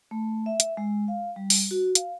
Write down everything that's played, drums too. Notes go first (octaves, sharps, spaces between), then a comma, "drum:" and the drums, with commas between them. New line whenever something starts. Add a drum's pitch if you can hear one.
A3
E5
drum: hi-hat
G#3
F5
G3
drum: open hi-hat
F#4
F5, drum: hi-hat